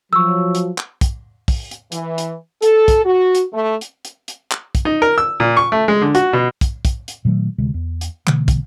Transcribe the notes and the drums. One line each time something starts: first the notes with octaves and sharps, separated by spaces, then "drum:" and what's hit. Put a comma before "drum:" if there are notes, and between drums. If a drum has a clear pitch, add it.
F3 F#3 C#6 E6
drum: hi-hat
drum: clap
drum: kick, hi-hat
drum: kick, open hi-hat
drum: hi-hat
E3, drum: hi-hat
drum: hi-hat
A4, drum: hi-hat
drum: kick, hi-hat
F#4
drum: hi-hat
A3
drum: hi-hat
drum: hi-hat
drum: hi-hat
drum: clap
drum: kick, hi-hat
D#4
A#4
E6
A#2
C#6
A3
G#3
D3
F#4, drum: hi-hat
B2
drum: kick, hi-hat
drum: kick, hi-hat
drum: hi-hat
A#2 D#3 F#3 A3
D2 C3 G#3
E2
drum: hi-hat
B2 D3 E3 A3, drum: clap
drum: kick, hi-hat